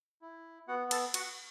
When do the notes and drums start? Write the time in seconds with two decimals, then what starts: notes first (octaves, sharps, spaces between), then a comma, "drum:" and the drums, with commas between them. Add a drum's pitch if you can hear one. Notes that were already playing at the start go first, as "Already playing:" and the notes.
0.21 E4
0.68 B3 F#4 F#5
0.91 A4 A5, drum: cymbal
1.14 F#4 F#5, drum: cymbal